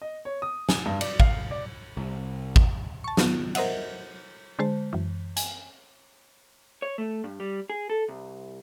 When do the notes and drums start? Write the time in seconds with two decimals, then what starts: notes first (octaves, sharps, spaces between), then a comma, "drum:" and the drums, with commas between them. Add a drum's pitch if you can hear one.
0.02 D#5
0.25 C#5
0.42 D#6
0.69 G#5, drum: snare
0.86 G2
1.01 D5, drum: cymbal
1.20 F5, drum: kick G#1
1.51 D5
1.97 C2
2.56 drum: kick G#1
3.04 A5 C#6
3.17 D#3 F#3 B3 F4, drum: snare
3.55 A#4 C5 D#5 E5 F#5, drum: cymbal
4.59 D3 G#3 C5 A5
4.93 F#2 E3
5.37 G#5, drum: hi-hat
6.82 C#5
6.98 A3
7.24 G2
7.40 G3
7.70 G#4
7.90 A4
8.08 C2